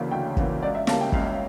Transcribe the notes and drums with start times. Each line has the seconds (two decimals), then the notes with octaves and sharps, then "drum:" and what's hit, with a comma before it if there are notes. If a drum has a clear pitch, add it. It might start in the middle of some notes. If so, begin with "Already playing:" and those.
Already playing: D2 C#3 E3 A#3
0.11 D2 G5
0.37 C#3 E3 A#3, drum: kick
0.62 C#2 D5
0.75 E5
0.87 C#3 G3 A#3 A5, drum: snare
1.01 G5
1.12 C#2 F5, drum: kick